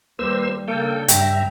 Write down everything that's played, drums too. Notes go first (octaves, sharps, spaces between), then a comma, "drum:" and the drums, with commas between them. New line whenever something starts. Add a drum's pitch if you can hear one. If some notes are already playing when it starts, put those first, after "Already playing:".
D#2 G3 A#3 B4 C5 E6
C#3 A#3 D4 A4 G5
G2 E5 G5 A#5, drum: hi-hat